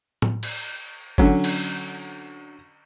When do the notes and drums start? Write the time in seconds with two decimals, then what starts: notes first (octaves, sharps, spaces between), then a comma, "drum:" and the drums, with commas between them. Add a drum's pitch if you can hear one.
0.22 drum: tom A2
0.43 drum: cymbal
1.18 D3 F#3 C#4, drum: kick G1
1.44 drum: cymbal